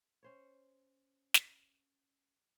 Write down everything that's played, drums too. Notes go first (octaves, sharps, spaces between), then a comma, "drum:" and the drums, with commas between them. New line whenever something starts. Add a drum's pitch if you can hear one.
C#4 C5 C#5
drum: snare